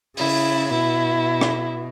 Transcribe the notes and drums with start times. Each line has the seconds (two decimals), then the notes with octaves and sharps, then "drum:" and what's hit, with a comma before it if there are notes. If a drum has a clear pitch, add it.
0.17 C#3 E4, drum: open hi-hat
0.71 B2 E4
1.41 drum: rim click